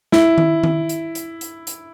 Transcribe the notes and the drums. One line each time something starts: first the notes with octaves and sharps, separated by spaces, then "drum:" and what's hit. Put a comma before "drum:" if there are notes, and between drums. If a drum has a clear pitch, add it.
E4, drum: snare
drum: tom D#3
drum: tom D#3
drum: hi-hat
drum: hi-hat
drum: hi-hat
drum: hi-hat